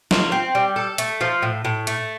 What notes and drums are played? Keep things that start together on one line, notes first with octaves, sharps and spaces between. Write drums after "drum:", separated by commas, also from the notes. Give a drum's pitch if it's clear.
F4, drum: snare
C4
G3
A4
A3, drum: hi-hat
F3
A2
A2
A3, drum: hi-hat